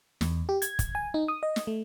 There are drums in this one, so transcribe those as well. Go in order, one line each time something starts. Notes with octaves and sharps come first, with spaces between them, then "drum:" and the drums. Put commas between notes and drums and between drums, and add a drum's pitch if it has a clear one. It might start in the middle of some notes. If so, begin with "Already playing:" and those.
E2, drum: snare
G4
G#6, drum: hi-hat
drum: kick, hi-hat
G#5
D#4
D#6
D#5
drum: snare
A3